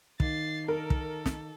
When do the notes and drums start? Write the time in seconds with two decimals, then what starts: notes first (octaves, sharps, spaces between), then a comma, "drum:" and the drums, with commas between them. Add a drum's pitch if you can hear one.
0.20 D#2 A6 C7, drum: kick
0.68 A4 A#4
0.90 drum: kick
1.26 drum: snare